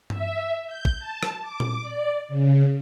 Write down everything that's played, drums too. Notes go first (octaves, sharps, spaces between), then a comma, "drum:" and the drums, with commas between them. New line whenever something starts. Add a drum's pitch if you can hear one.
E5, drum: tom G2
G6
drum: kick
A5
drum: rim click
D6
drum: tom A#2
D5
C#3